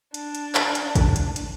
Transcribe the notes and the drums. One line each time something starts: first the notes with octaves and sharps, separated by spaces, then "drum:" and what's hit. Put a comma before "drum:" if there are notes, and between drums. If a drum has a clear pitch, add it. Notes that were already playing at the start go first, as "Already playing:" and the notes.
D4, drum: hi-hat
drum: hi-hat
drum: clap
drum: hi-hat
drum: kick, hi-hat
drum: hi-hat
drum: hi-hat